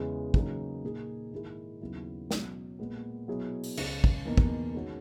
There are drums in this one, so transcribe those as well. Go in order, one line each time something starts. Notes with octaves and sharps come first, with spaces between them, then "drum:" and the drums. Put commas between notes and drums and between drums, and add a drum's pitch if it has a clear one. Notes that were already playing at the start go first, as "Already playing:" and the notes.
Already playing: E2 C#3 E3 G#3
C#3 F#3 A#3 D#4, drum: kick
A#2 A#3 D#4 G#4
G#2 D#3 A#3 E4 G#4
D#2 C#3 F#3 B3 E4
B2 F#3 C#4, drum: snare
A#2 G#3 B3
B2 F#3 B3 E4 G#4
drum: open hi-hat
C#2 C#3 G#3, drum: cymbal
drum: kick
E2 B2 A#3 D#4
drum: kick
D#3 G#3 C#4 F#4